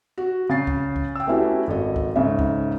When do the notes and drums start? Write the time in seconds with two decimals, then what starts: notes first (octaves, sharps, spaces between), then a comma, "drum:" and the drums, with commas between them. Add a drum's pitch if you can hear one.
0.18 F#4
0.50 C#3 A6 C7
0.67 drum: kick C#2
0.96 drum: kick C#2
1.15 G5 E6
1.27 A3 B3 C#4 E4 F#4 G4
1.67 G#1 A4 D#5
1.96 drum: kick C#2
2.16 G#2 C#3 D#4 A4 E5
2.39 drum: kick C#2